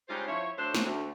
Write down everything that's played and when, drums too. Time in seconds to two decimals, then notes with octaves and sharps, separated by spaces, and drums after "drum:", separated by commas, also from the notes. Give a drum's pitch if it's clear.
0.09 C#3 G3 G#3 D#4 F4 C5
0.28 F3 E4 C#5
0.58 F#3 A3 D4 C5
0.75 drum: snare
0.84 D2